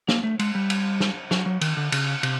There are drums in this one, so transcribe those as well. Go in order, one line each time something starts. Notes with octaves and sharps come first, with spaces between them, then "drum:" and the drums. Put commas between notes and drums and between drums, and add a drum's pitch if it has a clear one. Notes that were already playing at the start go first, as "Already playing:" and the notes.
A#3, drum: snare
A3
G#3, drum: cymbal
G3
drum: cymbal
drum: snare
F#3, drum: snare
F#3
D#3, drum: cymbal
D3
C#3, drum: cymbal
C3, drum: cymbal